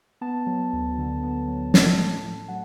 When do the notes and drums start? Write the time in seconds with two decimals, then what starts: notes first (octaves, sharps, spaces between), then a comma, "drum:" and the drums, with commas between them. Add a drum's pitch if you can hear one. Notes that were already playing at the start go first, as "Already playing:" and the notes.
0.21 B3 A5
0.47 F#3
0.73 D2
0.98 D3
1.23 B3
1.48 F#3
1.74 A2, drum: snare
1.98 A3
2.24 A2
2.48 F#3 F#5